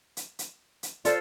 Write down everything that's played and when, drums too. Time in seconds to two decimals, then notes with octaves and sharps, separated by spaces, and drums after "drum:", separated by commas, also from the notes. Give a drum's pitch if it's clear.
0.17 drum: hi-hat
0.39 drum: hi-hat
0.83 drum: hi-hat
1.05 F4 A4 C5 D5, drum: hi-hat